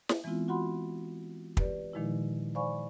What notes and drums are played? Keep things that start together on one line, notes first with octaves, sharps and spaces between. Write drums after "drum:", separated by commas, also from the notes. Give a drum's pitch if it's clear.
drum: snare
E3 G#3 B3 C4 E4 F4
F4 F#4 F#5 B5 C6
G4 B4 D5, drum: kick
A#2 D#3 F3 G#3 D#4 E4
C5 D5 F5 G#5 B5 C#6